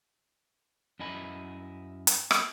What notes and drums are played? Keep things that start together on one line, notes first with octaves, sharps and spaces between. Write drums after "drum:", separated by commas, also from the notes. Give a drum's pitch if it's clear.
F#2 E4 D#5 G#5 B5
drum: hi-hat
drum: rim click